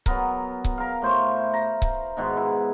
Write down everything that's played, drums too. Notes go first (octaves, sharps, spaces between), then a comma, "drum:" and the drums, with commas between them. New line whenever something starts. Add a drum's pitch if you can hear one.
F#3 B3 A#4, drum: kick C#1
drum: kick C#1
A#4 F5
A2 C5 C#6
A#5
drum: kick C#1
G#2 B2 D#3
E4